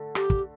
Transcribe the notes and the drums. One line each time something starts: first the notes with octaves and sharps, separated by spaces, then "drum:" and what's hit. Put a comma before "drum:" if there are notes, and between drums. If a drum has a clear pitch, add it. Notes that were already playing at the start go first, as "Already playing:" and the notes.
Already playing: D3 A3
G4, drum: rim click
drum: kick